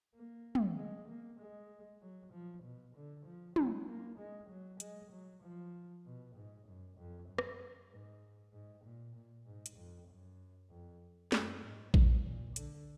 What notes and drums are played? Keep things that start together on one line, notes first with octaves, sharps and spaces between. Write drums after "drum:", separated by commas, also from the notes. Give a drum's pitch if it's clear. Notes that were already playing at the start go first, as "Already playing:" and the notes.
A#3
drum: tom
G#3
A#3
G#3
F#3
F3
B2
D3
F3
F#3, drum: tom
A#3
G#3
F#3
G#3, drum: hi-hat
F#3
F3
B2
G#2
F#2
F2
F#2
drum: rim click
G#2
G#2
A#2
A#2
G#2
drum: hi-hat
F2
F#2
F2
F#2, drum: snare
G#2
A#2, drum: kick A1
A#2
D3, drum: hi-hat